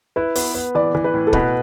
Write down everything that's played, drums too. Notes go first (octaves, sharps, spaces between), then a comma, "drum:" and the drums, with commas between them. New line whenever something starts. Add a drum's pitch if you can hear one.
E4 B4
B3, drum: open hi-hat
B3
E3 D5
E3
B4
A2
A4
B2 B4, drum: kick